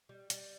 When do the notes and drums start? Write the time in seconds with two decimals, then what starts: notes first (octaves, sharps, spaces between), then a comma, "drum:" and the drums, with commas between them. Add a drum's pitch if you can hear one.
0.09 G3
0.30 G3 D5, drum: hi-hat